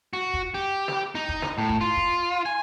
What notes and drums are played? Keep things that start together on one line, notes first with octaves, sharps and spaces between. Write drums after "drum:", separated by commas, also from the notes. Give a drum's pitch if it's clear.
F#4
drum: kick
G4
drum: snare
D#4
drum: kick
drum: snare
A2
drum: kick
F4
drum: kick
G#5